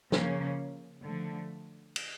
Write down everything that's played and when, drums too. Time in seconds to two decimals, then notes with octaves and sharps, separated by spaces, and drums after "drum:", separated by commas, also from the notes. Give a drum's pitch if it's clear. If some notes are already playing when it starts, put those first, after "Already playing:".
0.12 C#3 F3 A#3 C#4, drum: snare
1.04 D3 F3 A3
1.96 drum: cymbal